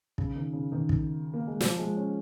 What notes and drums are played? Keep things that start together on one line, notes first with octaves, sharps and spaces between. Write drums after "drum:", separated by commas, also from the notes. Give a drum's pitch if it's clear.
C#3, drum: kick
D#3
C#3
D#3
drum: kick
A#3
G#3
F3, drum: snare
G#3
C#4